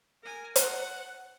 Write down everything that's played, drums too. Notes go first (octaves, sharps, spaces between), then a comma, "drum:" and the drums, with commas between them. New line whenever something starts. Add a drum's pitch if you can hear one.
A#4 G#5
F#5, drum: hi-hat